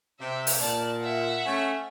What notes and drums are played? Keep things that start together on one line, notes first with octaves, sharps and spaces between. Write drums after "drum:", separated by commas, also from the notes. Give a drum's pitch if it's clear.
C3 E5
drum: open hi-hat
A#2 D5 A5
E5 F#5
A3 C#4